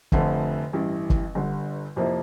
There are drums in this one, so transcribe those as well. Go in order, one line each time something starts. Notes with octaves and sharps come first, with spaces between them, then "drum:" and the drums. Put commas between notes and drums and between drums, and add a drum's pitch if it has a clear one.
F1 F2 D3 F3 A3, drum: kick
A1 G2 E3
drum: kick
G1 G2 D3
F2 C3 F3 A#3 E4